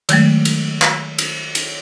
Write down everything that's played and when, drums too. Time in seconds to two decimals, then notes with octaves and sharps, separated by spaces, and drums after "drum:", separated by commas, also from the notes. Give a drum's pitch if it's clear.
0.09 D#3 F#3 G#3 A3, drum: cymbal
0.45 drum: cymbal
0.82 drum: clap
1.18 drum: cymbal
1.55 drum: cymbal